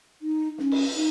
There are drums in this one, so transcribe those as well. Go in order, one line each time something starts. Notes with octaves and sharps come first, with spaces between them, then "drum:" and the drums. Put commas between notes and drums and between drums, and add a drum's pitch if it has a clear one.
D#4
C#4, drum: snare
drum: cymbal
D#4